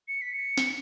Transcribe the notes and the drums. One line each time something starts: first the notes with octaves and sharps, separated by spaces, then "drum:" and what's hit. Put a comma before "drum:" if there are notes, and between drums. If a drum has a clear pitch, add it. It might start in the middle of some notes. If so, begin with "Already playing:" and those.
C#7
B6
C#7
drum: snare